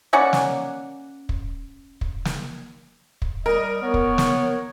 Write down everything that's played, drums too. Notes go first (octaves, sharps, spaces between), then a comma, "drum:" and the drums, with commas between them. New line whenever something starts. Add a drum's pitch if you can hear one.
A#3 C#4 D5 F#5
drum: snare
drum: kick
drum: kick
drum: snare
drum: kick
G3 A#4 D#5
B3 C#5
drum: kick
drum: snare